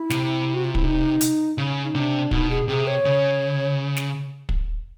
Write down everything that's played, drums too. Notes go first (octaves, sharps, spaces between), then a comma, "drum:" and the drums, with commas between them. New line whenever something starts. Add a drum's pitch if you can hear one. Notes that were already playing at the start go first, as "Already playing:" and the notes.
Already playing: E4
C3, drum: snare
F#4
F4
E4, drum: kick
D#4
drum: hi-hat
C#3
D#4
C3 D4
B2 D#4, drum: kick
G#4
C3 G#4
C#5
C#3
drum: snare
drum: kick